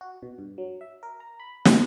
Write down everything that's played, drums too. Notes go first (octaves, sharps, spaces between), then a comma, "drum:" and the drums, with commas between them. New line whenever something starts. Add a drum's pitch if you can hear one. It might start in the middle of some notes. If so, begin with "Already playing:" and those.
F#4
B2
G2
F#3
E5
A#4
A#5
B5
C#3, drum: snare